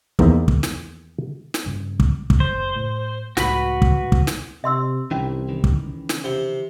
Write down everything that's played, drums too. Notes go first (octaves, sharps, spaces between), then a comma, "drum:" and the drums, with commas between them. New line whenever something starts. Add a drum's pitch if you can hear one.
E2 D#3 A#3 C5 D#5 E5, drum: kick
drum: kick
drum: snare
drum: snare
G2 C#3
drum: kick
drum: kick
F#1 C5
A2
C#2 A2 F#4 B4 B5, drum: snare
drum: kick
drum: kick
drum: snare
C3 E5 C6 E6
C2 D#3 E3 C#4 E4
D#3 E3
drum: kick
C#3
drum: snare
C3 C4